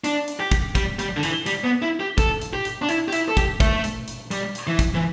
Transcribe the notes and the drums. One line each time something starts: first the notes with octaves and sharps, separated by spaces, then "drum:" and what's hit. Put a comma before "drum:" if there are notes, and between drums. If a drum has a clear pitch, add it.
D4, drum: hi-hat
drum: hi-hat
G4
drum: kick, hi-hat
G3, drum: kick, hi-hat
G3, drum: hi-hat
D3
E3, drum: hi-hat
G3, drum: hi-hat
B3
E4
G4
A4, drum: kick, hi-hat
drum: hi-hat
G4
drum: hi-hat
D4
E4, drum: hi-hat
G4
E4, drum: hi-hat
A4
G4, drum: kick, hi-hat
A3, drum: kick, hi-hat
drum: hi-hat
drum: hi-hat
G3, drum: hi-hat
drum: hi-hat
E3
drum: kick, hi-hat
E3